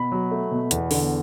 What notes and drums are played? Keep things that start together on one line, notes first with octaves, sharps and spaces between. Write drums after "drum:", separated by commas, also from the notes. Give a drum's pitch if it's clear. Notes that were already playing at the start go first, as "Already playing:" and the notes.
Already playing: B2 B5
F#3
A3
B2
E2, drum: hi-hat
D3, drum: open hi-hat